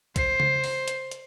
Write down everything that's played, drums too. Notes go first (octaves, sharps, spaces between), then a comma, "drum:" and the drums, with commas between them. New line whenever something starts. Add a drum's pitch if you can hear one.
C5 C7, drum: kick B1, hi-hat
drum: tom C#3
drum: open hi-hat
drum: hi-hat
drum: hi-hat